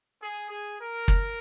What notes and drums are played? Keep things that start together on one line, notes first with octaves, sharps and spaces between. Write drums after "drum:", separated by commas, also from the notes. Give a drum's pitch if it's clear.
G#4
G#4
A#4
drum: kick